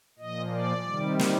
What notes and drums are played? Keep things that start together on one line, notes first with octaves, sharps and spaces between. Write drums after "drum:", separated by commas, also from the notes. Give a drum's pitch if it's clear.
A#2 F3 D#5
D5
C3 D#3 G3
drum: snare